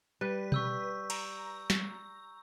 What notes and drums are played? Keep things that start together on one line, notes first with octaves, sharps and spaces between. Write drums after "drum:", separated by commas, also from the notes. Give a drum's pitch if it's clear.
G3 B4
C#6 E6 G6, drum: tom B2
A#5, drum: cymbal
drum: snare